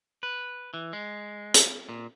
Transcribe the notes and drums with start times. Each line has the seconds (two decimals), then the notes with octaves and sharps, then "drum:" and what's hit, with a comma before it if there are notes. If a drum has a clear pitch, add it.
0.23 B4
0.74 E3
0.93 G#3
1.54 drum: hi-hat
1.89 A#2